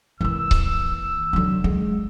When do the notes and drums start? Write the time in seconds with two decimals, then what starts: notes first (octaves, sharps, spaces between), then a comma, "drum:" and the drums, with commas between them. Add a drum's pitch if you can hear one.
0.21 E3 A#3 E6
0.51 drum: kick C#1
1.33 D3 F#3
1.64 G#3